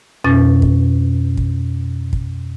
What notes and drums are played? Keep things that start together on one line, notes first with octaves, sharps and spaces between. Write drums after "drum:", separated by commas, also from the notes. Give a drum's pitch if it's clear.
F2 B2 C#4 A6
drum: kick
drum: kick
drum: kick